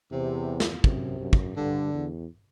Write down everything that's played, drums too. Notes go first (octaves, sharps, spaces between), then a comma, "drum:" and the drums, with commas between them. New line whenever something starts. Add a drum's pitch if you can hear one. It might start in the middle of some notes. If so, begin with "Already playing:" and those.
E2 C3
drum: snare
F#2 C3, drum: kick
F#2
drum: kick
G2 D3
E2